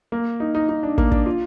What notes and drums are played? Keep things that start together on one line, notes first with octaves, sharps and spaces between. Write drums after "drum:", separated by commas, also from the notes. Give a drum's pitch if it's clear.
A#3
D#4
D#4
D#4
D4
A#3, drum: kick
D4, drum: kick
F4